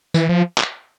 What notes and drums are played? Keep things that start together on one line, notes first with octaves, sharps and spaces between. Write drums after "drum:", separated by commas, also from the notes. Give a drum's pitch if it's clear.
E3, drum: tambourine
F3
drum: clap